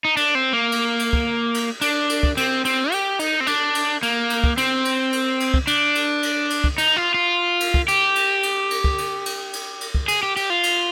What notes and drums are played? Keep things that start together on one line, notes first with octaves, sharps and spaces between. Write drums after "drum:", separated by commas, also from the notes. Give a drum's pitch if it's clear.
D#4
D4, drum: cymbal
C4
A#3
drum: cymbal
drum: cymbal
drum: kick
drum: cymbal
D4, drum: cymbal
drum: cymbal
drum: kick
C4, drum: cymbal
C4, drum: cymbal
G4, drum: cymbal
D#4, drum: cymbal
C4
D4, drum: cymbal
drum: cymbal
A#3, drum: cymbal
drum: cymbal
drum: kick
C4, drum: cymbal
drum: cymbal
drum: cymbal
drum: cymbal
drum: kick
D4, drum: cymbal
drum: cymbal
drum: cymbal
drum: cymbal
drum: kick
D#4, drum: cymbal
F4
F4
drum: cymbal
drum: kick
G4, drum: cymbal
drum: cymbal
drum: cymbal
drum: cymbal
drum: kick
drum: cymbal
drum: cymbal
drum: cymbal
drum: cymbal
drum: kick
G#4, drum: cymbal
G4
G4, drum: cymbal
F4
drum: cymbal